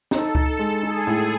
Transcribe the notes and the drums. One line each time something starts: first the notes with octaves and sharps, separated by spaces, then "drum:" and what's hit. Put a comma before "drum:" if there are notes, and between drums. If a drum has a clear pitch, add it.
D#4 A4, drum: snare
D#4, drum: kick C#2
G#3
D#4 G#4
A2